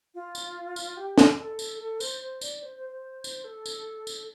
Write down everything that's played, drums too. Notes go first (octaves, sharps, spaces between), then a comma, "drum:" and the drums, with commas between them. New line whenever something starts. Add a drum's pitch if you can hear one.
F4
drum: tambourine
drum: tambourine
G4
drum: snare
A4
drum: tambourine
A4
C5, drum: tambourine
C5
D5, drum: tambourine
C5
C5
C5
drum: tambourine
A4
drum: tambourine
drum: tambourine